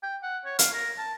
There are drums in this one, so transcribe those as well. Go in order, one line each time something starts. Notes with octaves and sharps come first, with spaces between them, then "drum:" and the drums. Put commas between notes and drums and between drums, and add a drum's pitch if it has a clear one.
G5
F#5
C#5
F5, drum: hi-hat
A#4
A5